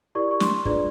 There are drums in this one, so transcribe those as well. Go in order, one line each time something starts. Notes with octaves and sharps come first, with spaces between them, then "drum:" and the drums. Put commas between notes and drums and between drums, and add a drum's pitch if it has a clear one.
E4 G4 A#4 D5 C#6
C#6
C6, drum: snare
D4 F4 G#4 B4 D5, drum: kick